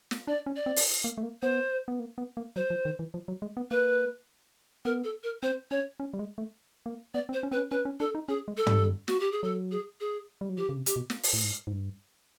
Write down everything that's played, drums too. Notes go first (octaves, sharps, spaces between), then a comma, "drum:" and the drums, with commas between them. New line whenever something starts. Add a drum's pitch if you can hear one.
drum: snare
D4 D5
C#4
D5
C4
drum: open hi-hat
A#3
A3
A#3
B3 C5
B3
A#3
B3
A#3
F#3 C5
F3
D#3
E3
F3
F#3
G#3
B3
A#3 B4
B3 A#4
A4
A#4
C4 C5
C#4 C#5
C#4
G3
G#3
A3
A#3
B3 D5
C4
C5
C#4
C4 B4
C#4
C#4 B4
C#4
D4 A4
D#4
C#4 G#4
G#3
A4
G3, drum: tom
F#4, drum: snare
G4
G#4
F#3 A4
G#4
G#4
G3
F#3
F3 G4
C#3
C3
G4, drum: hi-hat
B2
drum: snare
drum: open hi-hat
A2
G#2
G#2
G2